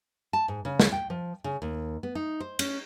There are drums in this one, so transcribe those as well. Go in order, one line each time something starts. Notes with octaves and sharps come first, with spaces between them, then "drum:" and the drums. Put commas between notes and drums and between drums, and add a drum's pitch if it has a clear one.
A5
G#2
C#3
drum: snare
G5
F3
C#3
D#2
B3
D#4
C5
C#4, drum: cymbal